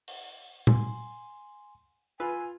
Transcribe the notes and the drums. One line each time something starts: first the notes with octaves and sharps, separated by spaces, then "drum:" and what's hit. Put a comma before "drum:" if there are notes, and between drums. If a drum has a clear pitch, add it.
drum: open hi-hat
G#5 C6, drum: tom A#2
F4 B4 G#5 E6